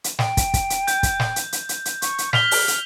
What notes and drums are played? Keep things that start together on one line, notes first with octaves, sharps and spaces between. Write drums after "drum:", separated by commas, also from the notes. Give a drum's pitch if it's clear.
drum: hi-hat
G5, drum: snare
drum: kick, hi-hat
drum: kick, hi-hat
drum: hi-hat
G6, drum: hi-hat
drum: kick, hi-hat
drum: snare
drum: hi-hat
drum: hi-hat
drum: hi-hat
drum: hi-hat
C#6, drum: hi-hat
drum: hi-hat
F6 B6 F7 G7, drum: snare
drum: open hi-hat
drum: hi-hat